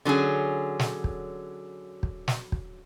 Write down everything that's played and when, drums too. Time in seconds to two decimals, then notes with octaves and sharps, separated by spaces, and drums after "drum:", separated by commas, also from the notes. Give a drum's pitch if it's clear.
0.05 D3 F#3 C#4 G#4
0.79 drum: snare
1.04 drum: kick
2.03 drum: kick
2.28 drum: snare
2.52 drum: kick